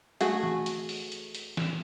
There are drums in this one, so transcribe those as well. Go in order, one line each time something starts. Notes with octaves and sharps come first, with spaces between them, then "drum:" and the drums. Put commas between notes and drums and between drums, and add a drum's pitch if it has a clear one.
A3 F#4 G#4, drum: hi-hat
drum: tom E3
drum: hi-hat
drum: open hi-hat
drum: hi-hat
drum: hi-hat
drum: snare